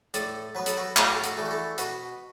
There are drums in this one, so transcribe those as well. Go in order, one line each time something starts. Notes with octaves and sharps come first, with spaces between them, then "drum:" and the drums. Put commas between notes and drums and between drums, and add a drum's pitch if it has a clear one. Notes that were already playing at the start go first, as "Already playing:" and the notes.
A2 A4 D5, drum: hi-hat
F#3 B3 B4
A4, drum: hi-hat
F#4 B4
A2 F#4, drum: clap
A4
F#4, drum: hi-hat
E3 A3 D4
F#4
E4 A4
B2 F#4 B4, drum: hi-hat